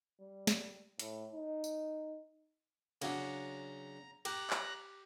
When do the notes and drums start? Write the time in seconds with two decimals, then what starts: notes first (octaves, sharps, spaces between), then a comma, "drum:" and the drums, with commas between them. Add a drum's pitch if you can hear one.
0.20 G3
0.47 drum: snare
0.99 A2, drum: hi-hat
1.34 D#4
1.64 drum: tambourine
3.02 C#3 F#3 D4 A#5, drum: cymbal
4.25 G4 A#5 F#6 A#6, drum: cymbal
4.50 drum: clap